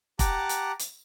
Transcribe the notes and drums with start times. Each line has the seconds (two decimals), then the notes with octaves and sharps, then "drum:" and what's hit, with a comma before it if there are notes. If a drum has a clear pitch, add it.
0.19 G4 F#5 A5 A#5 D6, drum: kick, hi-hat
0.49 drum: hi-hat
0.79 drum: hi-hat